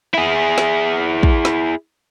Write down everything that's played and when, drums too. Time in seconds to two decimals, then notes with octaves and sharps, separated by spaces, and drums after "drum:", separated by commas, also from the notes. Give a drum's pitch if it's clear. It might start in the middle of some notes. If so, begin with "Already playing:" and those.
0.14 E4 G#4
0.58 drum: snare
1.23 drum: kick
1.45 drum: snare